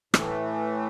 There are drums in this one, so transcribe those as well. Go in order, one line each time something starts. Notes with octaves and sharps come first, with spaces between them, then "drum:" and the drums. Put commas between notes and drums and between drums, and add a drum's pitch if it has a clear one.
A2 E3 A3, drum: rim click